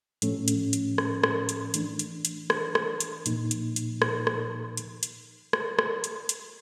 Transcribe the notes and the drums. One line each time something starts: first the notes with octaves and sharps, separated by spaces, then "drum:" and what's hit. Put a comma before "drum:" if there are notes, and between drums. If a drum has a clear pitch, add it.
A2 F3 A3 C#4, drum: hi-hat
drum: hi-hat
drum: hi-hat
drum: rim click
drum: rim click
drum: hi-hat
E3 A3 D4, drum: hi-hat
drum: hi-hat
drum: hi-hat
drum: rim click
drum: rim click
drum: hi-hat
A#2 F3 A#3 D#4, drum: hi-hat
drum: hi-hat
drum: hi-hat
drum: rim click
drum: rim click
drum: hi-hat
drum: hi-hat
drum: rim click
drum: rim click
drum: hi-hat
drum: hi-hat